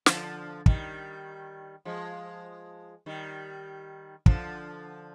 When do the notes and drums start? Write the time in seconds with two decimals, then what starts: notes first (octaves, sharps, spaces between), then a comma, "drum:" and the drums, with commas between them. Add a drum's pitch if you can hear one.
0.06 D3 F3, drum: snare
0.66 D#3 G3, drum: kick
1.85 F3 G#3
3.06 D#3 G3
4.26 D3 F3, drum: kick